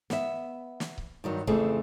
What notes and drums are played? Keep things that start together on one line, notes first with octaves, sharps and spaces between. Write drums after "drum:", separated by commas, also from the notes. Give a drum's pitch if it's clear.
B3 E5, drum: snare
drum: snare
drum: kick C#1
G2 D#3 F#3
F2 C#3 E3 A3 C4 G#4, drum: kick C#1